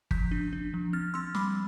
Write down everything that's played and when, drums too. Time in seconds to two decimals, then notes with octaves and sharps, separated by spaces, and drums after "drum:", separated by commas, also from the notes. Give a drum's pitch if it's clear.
0.11 F3 G6 B6, drum: kick G1
0.31 D4
0.53 D4
0.74 F3
0.93 C4 F6 A6
1.14 C4 C6 E6
1.35 G3 B5 D6, drum: snare